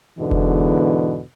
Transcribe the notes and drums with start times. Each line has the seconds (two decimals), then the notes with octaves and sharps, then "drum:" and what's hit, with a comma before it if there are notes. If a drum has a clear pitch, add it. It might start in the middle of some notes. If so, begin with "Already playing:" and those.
0.19 E2 G#2 B2 D3 E3
0.31 drum: kick F1